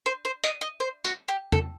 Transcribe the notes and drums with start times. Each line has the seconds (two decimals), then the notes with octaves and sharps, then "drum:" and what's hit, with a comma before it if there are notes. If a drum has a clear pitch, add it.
0.06 C5
0.25 C5
0.44 D#5, drum: hi-hat
0.61 D#5
0.80 C5
1.04 F#4, drum: tambourine
1.28 G4
1.52 A4, drum: tom